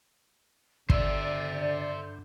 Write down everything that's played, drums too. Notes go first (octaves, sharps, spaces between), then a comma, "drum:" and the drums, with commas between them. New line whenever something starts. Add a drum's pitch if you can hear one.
G2 D3 C5 D5 E5, drum: kick